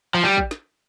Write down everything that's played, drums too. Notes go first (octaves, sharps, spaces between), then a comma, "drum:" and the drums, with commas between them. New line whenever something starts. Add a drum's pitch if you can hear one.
F3
G3
drum: kick
drum: snare